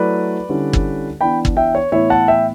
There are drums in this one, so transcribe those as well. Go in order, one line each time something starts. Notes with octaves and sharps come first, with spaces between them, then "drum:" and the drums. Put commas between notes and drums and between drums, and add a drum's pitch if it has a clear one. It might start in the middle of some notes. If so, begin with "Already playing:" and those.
Already playing: F#3 A3 E4 B4 D5
D3 G3 C#4 E4
drum: kick
E3 B3 D4 G5 B5
drum: kick
E5 G5
C#5
A2 E3 B3 E4 C#5 E5
F#5 A5
E5 G5